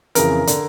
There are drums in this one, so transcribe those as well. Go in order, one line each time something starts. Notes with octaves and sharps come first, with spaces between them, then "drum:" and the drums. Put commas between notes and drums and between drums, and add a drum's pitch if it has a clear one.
F2 C#3 E3 A#4, drum: hi-hat
D3, drum: hi-hat